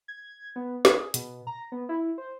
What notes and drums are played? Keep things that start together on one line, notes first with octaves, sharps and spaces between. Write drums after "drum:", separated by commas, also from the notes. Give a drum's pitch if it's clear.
G#6
B3
G#4, drum: snare
B2, drum: hi-hat
A#5
B3
E4
C5